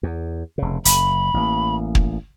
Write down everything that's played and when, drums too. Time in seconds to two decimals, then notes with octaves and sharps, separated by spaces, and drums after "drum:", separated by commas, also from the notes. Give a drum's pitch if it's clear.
0.03 E2
0.58 F1 C#3
0.85 F#1 B5, drum: hi-hat
1.34 A1 A#3
1.95 drum: kick